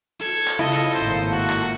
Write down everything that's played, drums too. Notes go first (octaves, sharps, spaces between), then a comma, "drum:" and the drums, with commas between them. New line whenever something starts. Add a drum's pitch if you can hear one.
A4 G#6, drum: cymbal
drum: clap
C#3 E4 F4 D#5
drum: clap
G#1 A2 A#3 C5
F#4
drum: clap